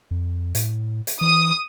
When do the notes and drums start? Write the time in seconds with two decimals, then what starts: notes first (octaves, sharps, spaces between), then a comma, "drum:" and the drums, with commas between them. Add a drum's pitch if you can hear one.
0.11 F2
0.55 A2, drum: hi-hat
1.07 drum: hi-hat
1.21 E3 D#6